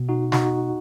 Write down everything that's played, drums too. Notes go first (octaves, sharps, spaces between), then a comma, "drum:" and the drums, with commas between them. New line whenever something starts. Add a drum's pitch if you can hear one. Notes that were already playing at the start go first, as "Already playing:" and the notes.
Already playing: B2
D#4 F#4
D#4 F#4, drum: snare